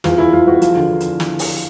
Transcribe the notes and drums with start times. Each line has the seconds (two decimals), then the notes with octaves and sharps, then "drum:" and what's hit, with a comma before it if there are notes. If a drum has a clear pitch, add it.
0.04 E2 F4, drum: snare
0.18 E2 E4
0.33 E2 F4
0.47 E2 F#4
0.62 F3 F4, drum: hi-hat
0.76 D3
0.91 D3
1.00 drum: hi-hat
1.20 drum: snare
1.39 drum: open hi-hat